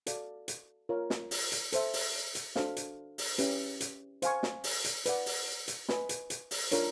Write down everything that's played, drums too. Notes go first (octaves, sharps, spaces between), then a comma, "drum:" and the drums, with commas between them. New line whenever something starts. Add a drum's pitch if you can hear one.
F#4 A4 D5 F5, drum: hi-hat
drum: hi-hat
F4 A#4 C#5
drum: snare
drum: open hi-hat
drum: hi-hat
A4 C5 E5, drum: hi-hat
drum: open hi-hat
drum: hi-hat
D4 F#4 A4 C5 F5, drum: snare
drum: hi-hat
drum: open hi-hat
C#4 E4 G4 B4 E5, drum: hi-hat
drum: hi-hat
C5 F5 G#5 C#6, drum: hi-hat
drum: snare
drum: open hi-hat
drum: hi-hat
B4 D5 F#5, drum: hi-hat
drum: open hi-hat
drum: hi-hat
B4 D#5 G#5 B5, drum: snare
drum: hi-hat
drum: hi-hat
drum: open hi-hat
D4 F4 A#4 C#5, drum: hi-hat